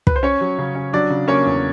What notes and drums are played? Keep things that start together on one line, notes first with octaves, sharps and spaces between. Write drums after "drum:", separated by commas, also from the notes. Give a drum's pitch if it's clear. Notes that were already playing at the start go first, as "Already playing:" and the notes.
B4, drum: kick
C5
C#4 C#5
F#3
C#3
C#4
F#3 D4 D5
C#3
A#3 C#4 C#5
E2